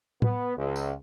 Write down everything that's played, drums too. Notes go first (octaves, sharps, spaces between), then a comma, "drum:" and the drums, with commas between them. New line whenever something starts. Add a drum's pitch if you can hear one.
B3, drum: tom A2
C#2
drum: tambourine